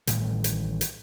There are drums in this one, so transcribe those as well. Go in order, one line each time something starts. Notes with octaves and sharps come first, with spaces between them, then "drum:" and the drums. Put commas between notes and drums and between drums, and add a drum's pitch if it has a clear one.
A1 A2 D#3 G3, drum: hi-hat
drum: hi-hat
drum: hi-hat